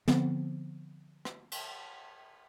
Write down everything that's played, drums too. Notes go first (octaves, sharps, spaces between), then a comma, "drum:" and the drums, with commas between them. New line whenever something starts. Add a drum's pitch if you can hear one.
D3 F3 B3 C4, drum: snare
drum: rim click
drum: cymbal